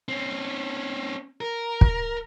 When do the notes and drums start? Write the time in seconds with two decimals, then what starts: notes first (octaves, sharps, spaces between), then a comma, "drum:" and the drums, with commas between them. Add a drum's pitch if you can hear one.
0.09 C4 C#4
1.41 A#4
1.81 drum: kick